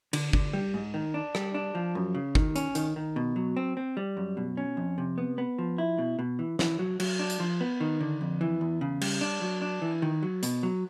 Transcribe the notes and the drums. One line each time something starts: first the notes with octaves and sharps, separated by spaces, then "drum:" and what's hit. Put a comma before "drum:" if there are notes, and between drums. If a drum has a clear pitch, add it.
D3, drum: cymbal
D3, drum: kick G1
G3
G#2
D#3
D4
G3, drum: rim click
D4
F3
F#2
C#3
D#3, drum: kick G1
C#4, drum: hi-hat
D#3, drum: hi-hat
D#3
B2
F#3
C4
C4
G3
F#2
B2
C#4
F2
C3
B3
B3
F3
E4
B2
B2
E3
E3, drum: snare
F#3
F#3, drum: cymbal
D4
drum: hi-hat
F3
B3
D#3
D3
F2
E3
E2
C#3
G3, drum: cymbal
D4
F#3
D4
E3
D#3
F#3
B2, drum: hi-hat
F#3